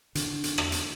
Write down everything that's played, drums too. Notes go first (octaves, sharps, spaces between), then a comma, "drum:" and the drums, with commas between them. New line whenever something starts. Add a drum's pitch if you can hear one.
D3, drum: hi-hat
drum: hi-hat
drum: rim click
drum: hi-hat